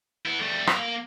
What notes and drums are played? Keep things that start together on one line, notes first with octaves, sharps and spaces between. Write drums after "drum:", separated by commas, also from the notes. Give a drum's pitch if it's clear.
B3 E4
G3 A3
A#3 A#5, drum: rim click